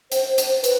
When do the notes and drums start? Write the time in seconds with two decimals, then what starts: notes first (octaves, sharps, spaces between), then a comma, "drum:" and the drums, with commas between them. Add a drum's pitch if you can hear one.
0.12 C5, drum: hi-hat
0.38 drum: hi-hat
0.64 B4, drum: hi-hat